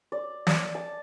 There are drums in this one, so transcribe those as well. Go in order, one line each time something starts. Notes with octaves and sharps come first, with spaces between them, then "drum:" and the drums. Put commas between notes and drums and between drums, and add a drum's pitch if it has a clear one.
D5
D5, drum: snare
A5